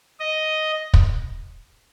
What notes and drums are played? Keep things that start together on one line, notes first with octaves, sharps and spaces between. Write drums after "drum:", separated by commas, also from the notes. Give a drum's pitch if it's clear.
D#5
drum: kick